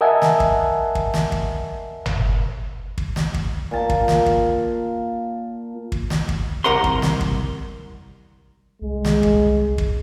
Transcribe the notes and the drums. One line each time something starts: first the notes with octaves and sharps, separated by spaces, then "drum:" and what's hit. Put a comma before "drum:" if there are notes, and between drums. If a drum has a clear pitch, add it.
A#4 D#5 E5 F#5 G#5 A5
drum: snare
drum: kick
drum: kick
drum: snare
drum: kick
drum: tom
drum: kick
drum: snare
drum: kick
A#2 A5 A#5
drum: kick
drum: snare
drum: kick
drum: kick
drum: snare
drum: kick
C2 G4 A#4 F#5 C6
drum: kick
drum: snare
drum: kick
C2 G#3
drum: snare
drum: kick
drum: kick